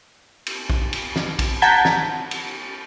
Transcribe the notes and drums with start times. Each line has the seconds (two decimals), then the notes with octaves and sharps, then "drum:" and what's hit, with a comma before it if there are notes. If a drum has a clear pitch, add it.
0.46 drum: cymbal
0.70 drum: kick
0.93 drum: cymbal
1.16 drum: snare
1.39 drum: kick, cymbal
1.62 F#5 A5 A#5 G6 G#6 B6
1.85 drum: snare
2.31 drum: cymbal